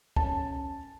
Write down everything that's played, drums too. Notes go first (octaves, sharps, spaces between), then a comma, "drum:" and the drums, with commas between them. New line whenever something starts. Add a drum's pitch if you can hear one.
C#4 A5, drum: kick